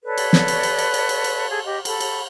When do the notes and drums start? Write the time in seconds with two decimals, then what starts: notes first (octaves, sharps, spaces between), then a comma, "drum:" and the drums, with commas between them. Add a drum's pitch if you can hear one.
0.04 A4 B4 C#5 D5
0.18 drum: cymbal
0.33 drum: snare
0.48 drum: cymbal
0.63 drum: cymbal
0.79 drum: cymbal
0.94 drum: cymbal
1.09 drum: cymbal
1.24 drum: cymbal
1.50 G#4 A4
1.65 G4 D#5
1.85 A4 B5, drum: cymbal
2.00 drum: cymbal